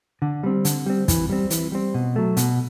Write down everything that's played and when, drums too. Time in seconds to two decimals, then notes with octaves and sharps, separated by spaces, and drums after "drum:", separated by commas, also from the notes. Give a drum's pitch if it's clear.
0.22 D3
0.43 G3 C4
0.65 D3, drum: hi-hat
0.86 G3 C4
1.08 E3, drum: kick, hi-hat
1.30 G3 C4
1.50 E3, drum: hi-hat
1.72 G3 C4
1.94 B2
2.16 F#3 A3
2.37 B2, drum: hi-hat